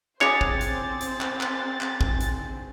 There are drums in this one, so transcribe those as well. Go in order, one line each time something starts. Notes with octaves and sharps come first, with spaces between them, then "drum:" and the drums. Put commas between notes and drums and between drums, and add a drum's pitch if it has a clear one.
C4 G#4 C5 C#5 D6 D#6 A6, drum: clap
drum: kick
drum: hi-hat
drum: hi-hat
drum: clap
drum: clap
drum: clap
drum: kick
drum: hi-hat